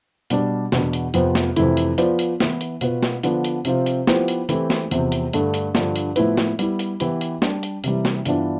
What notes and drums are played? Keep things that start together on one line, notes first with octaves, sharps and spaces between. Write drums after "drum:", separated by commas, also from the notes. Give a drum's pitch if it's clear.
B2 G3 D4, drum: hi-hat
E2 B2 B3 D4, drum: snare
drum: hi-hat
F2 C3 F3 B3, drum: hi-hat
drum: snare
F2 C3 E3 A3 E4, drum: hi-hat
drum: hi-hat
F3 B3 F4 B4 D5, drum: hi-hat
drum: hi-hat
E3 B3 E4, drum: snare
drum: hi-hat
B2 B3 F4 B4, drum: hi-hat
drum: snare
D3 F3 B3 D4 F4, drum: hi-hat
drum: hi-hat
C3 F3 C4 F4, drum: hi-hat
drum: hi-hat
F3 B3 E4 G4 C5, drum: snare
drum: hi-hat
E3 A3 C4 E4 G4, drum: hi-hat
drum: snare
E2 C3 F3 C4, drum: hi-hat
drum: hi-hat
G2 D3 A3, drum: hi-hat
drum: hi-hat
G2 D3 F3, drum: snare
drum: hi-hat
A2 F3 B3 E4 B4, drum: hi-hat
drum: snare
G3 B3 E4, drum: hi-hat
drum: hi-hat
E3 B3 E4 G4, drum: hi-hat
drum: hi-hat
G3 D4 G4, drum: snare
drum: hi-hat
C3 E3 G3, drum: hi-hat
drum: snare
G2 E3 B3 D4 F4, drum: hi-hat